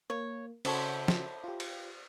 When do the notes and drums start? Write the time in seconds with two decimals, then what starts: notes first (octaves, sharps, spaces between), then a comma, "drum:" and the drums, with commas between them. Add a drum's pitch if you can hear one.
0.10 A#3 C#5
0.65 C#3 E4 F#4 A4 C5 C#5 F#5, drum: cymbal
1.08 drum: snare
1.44 F4 G4
1.60 drum: cymbal